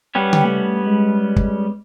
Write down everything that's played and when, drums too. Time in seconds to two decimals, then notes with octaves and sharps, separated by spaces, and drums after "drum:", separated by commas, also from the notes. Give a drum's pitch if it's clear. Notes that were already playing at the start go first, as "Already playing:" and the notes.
0.15 G3 B3 C#4 G5
0.33 drum: tom C#3
0.45 A3
0.86 G#3
1.36 drum: kick